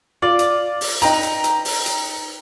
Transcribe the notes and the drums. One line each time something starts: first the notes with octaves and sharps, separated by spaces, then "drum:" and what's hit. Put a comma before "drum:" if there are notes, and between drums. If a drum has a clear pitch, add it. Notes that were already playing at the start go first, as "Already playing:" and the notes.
F4 D5
drum: hi-hat
drum: open hi-hat
D#4 B4 G5 A#5, drum: hi-hat
drum: hi-hat
drum: hi-hat
drum: open hi-hat
drum: hi-hat